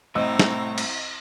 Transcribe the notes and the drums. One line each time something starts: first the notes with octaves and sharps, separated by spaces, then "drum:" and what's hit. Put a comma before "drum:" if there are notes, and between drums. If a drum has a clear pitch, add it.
C2 A2 C4 D#5 A#5 E6
drum: snare
drum: cymbal